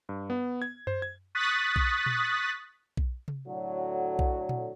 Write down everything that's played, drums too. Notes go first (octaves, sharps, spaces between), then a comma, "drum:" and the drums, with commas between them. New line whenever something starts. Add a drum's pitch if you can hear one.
G2
B3
G#6
C5, drum: tom F#2
G#6
C#6 D#6 F#6 A6 B6
drum: kick B1
drum: tom A#2
drum: kick B1
drum: tom C3
A2 D3 F#3
drum: kick B1
drum: tom A#2